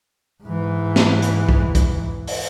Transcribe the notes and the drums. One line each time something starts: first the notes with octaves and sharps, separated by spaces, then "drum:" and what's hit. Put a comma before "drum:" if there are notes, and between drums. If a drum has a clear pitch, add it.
G#2 E3
drum: snare
drum: hi-hat
drum: kick
drum: kick, hi-hat
drum: open hi-hat